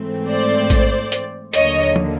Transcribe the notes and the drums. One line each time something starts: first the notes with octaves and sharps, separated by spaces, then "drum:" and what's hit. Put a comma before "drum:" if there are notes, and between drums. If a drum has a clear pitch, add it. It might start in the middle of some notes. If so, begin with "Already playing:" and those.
Already playing: G#2 E3 A3 C4
C5 D5
drum: kick A1, hi-hat
drum: hi-hat
D#2 D3 F#3 A#3 C#5 D#5, drum: hi-hat
drum: tom